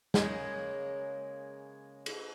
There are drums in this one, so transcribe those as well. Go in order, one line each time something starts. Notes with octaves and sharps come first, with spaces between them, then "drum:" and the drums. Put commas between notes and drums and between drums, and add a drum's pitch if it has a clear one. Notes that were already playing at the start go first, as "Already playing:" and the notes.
C#3 G#3 A#3, drum: snare
drum: cymbal